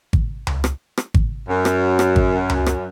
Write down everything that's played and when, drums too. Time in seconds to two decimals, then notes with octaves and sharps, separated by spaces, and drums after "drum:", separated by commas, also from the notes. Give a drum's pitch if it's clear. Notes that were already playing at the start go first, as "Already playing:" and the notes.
0.13 drum: kick G#1
0.47 drum: tom C#2
0.64 drum: rim click
0.98 drum: rim click
1.14 drum: kick G#1
1.48 F#2
1.65 drum: rim click
1.99 drum: rim click
2.16 drum: kick G#1
2.50 drum: tom C#2
2.66 drum: rim click